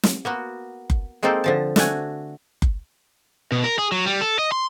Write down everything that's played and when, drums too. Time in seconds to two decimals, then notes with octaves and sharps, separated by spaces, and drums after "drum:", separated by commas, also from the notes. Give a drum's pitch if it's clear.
0.03 drum: snare
0.25 A#3 B3 F#4
0.90 drum: kick F#1
1.23 G#3 A#3 C4 D#4 A4 C5
1.44 D3 F3 A5
1.76 A3 D4 F#4 G#5, drum: snare
2.62 drum: kick F#1
3.52 B2
3.64 A#4
3.78 G#4
3.92 F#3
4.06 G3
4.21 A4
4.39 D#5
4.52 C6